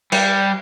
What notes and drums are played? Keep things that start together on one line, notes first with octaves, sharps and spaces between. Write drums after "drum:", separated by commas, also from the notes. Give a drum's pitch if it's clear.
G3, drum: cymbal